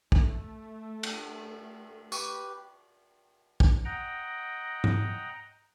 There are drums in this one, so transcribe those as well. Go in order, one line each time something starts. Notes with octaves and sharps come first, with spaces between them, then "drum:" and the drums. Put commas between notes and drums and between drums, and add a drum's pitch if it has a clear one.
A3, drum: kick
drum: cymbal
G4 B4 C#6, drum: tambourine
drum: kick
D#5 F#5 G5 A#5
drum: tom